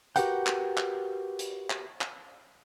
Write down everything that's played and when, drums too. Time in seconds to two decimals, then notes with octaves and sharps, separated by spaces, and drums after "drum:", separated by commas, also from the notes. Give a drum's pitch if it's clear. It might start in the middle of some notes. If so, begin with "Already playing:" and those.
0.16 F#4 G4 A#4 B4 F#5 G5, drum: hi-hat
0.47 drum: clap
0.77 drum: clap
1.39 drum: hi-hat
1.70 drum: clap
2.01 drum: clap